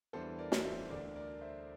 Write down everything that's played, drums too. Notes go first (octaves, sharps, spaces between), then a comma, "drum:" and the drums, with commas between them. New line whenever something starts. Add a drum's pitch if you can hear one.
E2 E3 G3 D4 A4 C5
A#4 D5
drum: snare
C5 E5
D2 D3 A3 D4 A#4 D5
A#4 D5
C5 E5